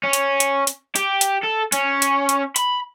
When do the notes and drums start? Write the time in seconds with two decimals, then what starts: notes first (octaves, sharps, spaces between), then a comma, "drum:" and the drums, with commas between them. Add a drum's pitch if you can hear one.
0.03 C#4
0.13 drum: hi-hat
0.40 drum: hi-hat
0.67 drum: hi-hat
0.96 G4, drum: hi-hat
1.21 drum: hi-hat
1.43 A4
1.72 C#4, drum: hi-hat
2.02 drum: hi-hat
2.29 drum: hi-hat
2.56 B5, drum: hi-hat